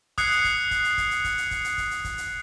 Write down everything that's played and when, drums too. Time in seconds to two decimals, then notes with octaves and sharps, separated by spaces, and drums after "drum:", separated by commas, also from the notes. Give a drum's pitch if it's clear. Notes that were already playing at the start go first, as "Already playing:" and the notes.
0.18 D#6 E6 F#6 G#6 C7 C#7, drum: kick, hi-hat
0.31 drum: hi-hat
0.44 drum: kick, hi-hat
0.71 drum: kick, hi-hat
0.84 drum: hi-hat
0.98 drum: kick, hi-hat
1.11 drum: hi-hat
1.24 drum: kick, hi-hat
1.38 drum: hi-hat
1.51 drum: kick, hi-hat
1.64 drum: hi-hat
1.78 drum: kick, hi-hat
1.91 drum: hi-hat
2.04 drum: kick, hi-hat
2.18 drum: hi-hat